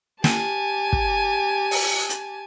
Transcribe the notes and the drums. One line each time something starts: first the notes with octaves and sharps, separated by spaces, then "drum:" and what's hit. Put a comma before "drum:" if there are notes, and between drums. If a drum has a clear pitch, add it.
G4 G#5 A5, drum: snare
drum: kick
drum: open hi-hat
drum: hi-hat